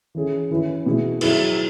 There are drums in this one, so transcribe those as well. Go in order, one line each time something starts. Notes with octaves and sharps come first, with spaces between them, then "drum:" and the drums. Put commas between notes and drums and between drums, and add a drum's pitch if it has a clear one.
E3 C#4 G#4
E3 C#4 E4 B4
B2 G#3 E4
F#3 B3 E4 G#4 B4, drum: cymbal